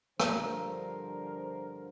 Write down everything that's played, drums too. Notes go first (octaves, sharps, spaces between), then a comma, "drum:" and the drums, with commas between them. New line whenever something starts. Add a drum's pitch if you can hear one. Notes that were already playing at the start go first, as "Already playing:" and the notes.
G2 D3 F3 A#4 C5, drum: rim click